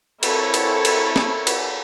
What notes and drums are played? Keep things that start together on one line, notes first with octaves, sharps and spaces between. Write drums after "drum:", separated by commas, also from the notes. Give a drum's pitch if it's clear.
C4 E4 A4 A#4 C#5 A5, drum: cymbal
drum: cymbal
drum: cymbal
drum: snare
drum: cymbal